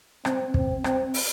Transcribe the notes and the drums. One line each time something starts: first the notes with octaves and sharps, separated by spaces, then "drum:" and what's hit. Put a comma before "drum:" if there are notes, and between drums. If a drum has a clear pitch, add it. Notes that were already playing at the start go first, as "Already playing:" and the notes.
C4, drum: rim click
C4, drum: kick
C4, drum: rim click
drum: open hi-hat